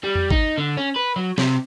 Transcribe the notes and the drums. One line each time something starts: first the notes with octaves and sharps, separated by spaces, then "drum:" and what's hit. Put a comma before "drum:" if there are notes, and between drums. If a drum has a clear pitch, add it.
G3
drum: tom E2
D#4, drum: kick
D3
C#4
B4
F#3
C3, drum: snare